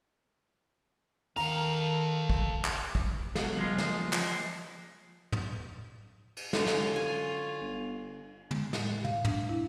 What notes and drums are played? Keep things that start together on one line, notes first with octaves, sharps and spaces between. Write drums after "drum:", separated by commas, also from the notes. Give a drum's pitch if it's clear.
D#3 A4 F5 A#5, drum: open hi-hat
drum: kick
drum: clap
drum: kick
B2 F#3 A4 F5, drum: snare
C#3 F3 G3 G#3 F4
A#3 D#5, drum: snare
F3 G#3, drum: clap
drum: tom
drum: cymbal
F#2 D3 C#4 F4, drum: snare
drum: snare
G#5
G1
G#3, drum: tom
A2, drum: snare
F5, drum: tom
D4, drum: tom
E4